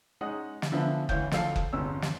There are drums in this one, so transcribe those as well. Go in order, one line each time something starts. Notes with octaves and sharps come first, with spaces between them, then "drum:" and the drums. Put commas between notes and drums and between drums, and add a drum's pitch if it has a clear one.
G#3 C#4 D#4 D#5 F#5
drum: snare
D3 E3 F3 B3 E4
D2 E3 C#5 F5 G6, drum: kick F#1
D2 F3 A4 F5 C7, drum: snare
drum: kick F#1
G1 E2 C3 G#3 C#4 E6
drum: snare